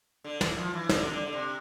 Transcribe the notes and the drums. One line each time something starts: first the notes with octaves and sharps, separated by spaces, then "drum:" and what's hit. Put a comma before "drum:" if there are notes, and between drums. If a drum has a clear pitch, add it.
D3
E3, drum: snare
F3
E3
D3, drum: snare
C3
D3
D3
C3